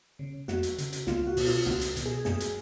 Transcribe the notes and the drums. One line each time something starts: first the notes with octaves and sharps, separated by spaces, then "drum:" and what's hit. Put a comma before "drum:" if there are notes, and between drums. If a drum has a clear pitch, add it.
C#3
F2 F#4, drum: snare
drum: hi-hat
C#3, drum: hi-hat
drum: hi-hat
C#2 F4, drum: snare
F#4
B2, drum: open hi-hat
F4
C#2 F#4, drum: snare
drum: hi-hat
B2, drum: hi-hat
G#4
F#2 G#4, drum: snare
drum: hi-hat